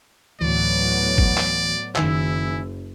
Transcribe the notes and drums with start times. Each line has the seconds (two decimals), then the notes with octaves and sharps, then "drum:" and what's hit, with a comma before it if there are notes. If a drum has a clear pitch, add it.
0.41 D2 A2 E3 F#3 B3 D5
1.18 drum: kick
1.37 drum: clap
1.96 F#1 D#3 E4 G#5 E6, drum: clap